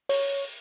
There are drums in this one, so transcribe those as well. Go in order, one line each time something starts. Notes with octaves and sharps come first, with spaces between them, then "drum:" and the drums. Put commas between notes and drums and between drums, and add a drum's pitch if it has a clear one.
C#5, drum: open hi-hat